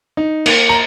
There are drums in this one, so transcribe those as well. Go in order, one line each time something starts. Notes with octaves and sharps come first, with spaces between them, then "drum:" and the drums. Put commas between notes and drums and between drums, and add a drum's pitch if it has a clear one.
D#4
A#3, drum: cymbal
A#5